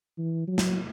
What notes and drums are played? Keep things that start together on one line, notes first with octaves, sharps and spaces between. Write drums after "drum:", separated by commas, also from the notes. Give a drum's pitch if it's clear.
E3
F#3
drum: snare